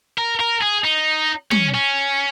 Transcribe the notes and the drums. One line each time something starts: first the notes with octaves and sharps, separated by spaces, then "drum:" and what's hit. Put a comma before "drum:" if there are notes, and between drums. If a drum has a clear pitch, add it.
A#4
A#4
G#4
D#4
C#4, drum: tom
C#4